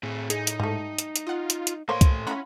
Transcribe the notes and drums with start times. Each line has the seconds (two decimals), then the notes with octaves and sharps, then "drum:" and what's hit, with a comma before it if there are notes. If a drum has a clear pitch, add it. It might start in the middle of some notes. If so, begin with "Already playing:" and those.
0.03 A2 C4 G#4
0.30 D#4 G#4, drum: hi-hat
0.47 drum: hi-hat
0.60 G#2 G3 A3
0.98 drum: hi-hat
1.16 drum: hi-hat
1.27 F4 D#5 F#5
1.50 drum: hi-hat
1.67 drum: hi-hat
1.89 A2 A3 A#3 C5 C#5 C6
2.01 drum: kick C2, hi-hat
2.27 C#4 E4 F4 F#5 A#5 B5